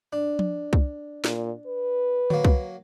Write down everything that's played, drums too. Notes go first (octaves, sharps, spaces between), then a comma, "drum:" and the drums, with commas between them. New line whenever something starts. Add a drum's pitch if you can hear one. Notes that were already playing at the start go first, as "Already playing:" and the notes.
D4
drum: tom F3
drum: kick C2
A#2, drum: snare
B4
F#3 A#3, drum: tom D3
drum: kick C2